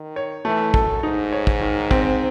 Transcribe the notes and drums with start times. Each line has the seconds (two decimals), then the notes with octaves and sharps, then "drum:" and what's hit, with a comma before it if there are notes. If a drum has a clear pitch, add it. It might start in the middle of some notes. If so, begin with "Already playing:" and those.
Already playing: D#3
0.16 C#5
0.45 E3 A3
0.74 F#2 A4, drum: kick
1.03 G#2 D#4
1.32 C#5
1.47 drum: kick
1.61 D#3
1.91 C4, drum: kick